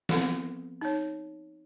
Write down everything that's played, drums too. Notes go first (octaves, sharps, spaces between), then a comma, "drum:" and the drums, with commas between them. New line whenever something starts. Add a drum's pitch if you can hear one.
F3 B3 C4 A4, drum: snare
D#4 C#5